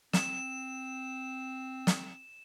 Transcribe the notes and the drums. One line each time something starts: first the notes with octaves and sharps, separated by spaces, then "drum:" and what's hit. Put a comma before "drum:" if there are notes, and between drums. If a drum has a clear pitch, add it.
C4 E7, drum: snare
drum: snare